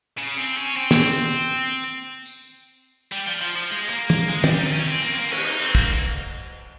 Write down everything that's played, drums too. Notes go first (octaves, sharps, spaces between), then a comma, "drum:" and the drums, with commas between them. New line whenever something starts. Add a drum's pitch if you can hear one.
C#3
C4
C#4
C4
drum: snare
drum: tambourine
G3
F3
F3
F3
G#3
A#3
A#3, drum: tom
G#3
G3, drum: tom
D#4
C4
C#4
C4
A#3
C4
A#3
C4
C#4, drum: cymbal
D#4
C4
A#3, drum: kick